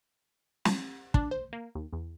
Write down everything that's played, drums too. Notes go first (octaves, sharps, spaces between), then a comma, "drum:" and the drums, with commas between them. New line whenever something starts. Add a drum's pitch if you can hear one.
drum: snare
D4, drum: kick
C5
A#3
D#2
E2